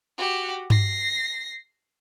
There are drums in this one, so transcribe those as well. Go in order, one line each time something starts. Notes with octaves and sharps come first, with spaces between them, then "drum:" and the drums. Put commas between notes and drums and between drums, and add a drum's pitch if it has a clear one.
F#4 G4
A#6 C7, drum: tom G2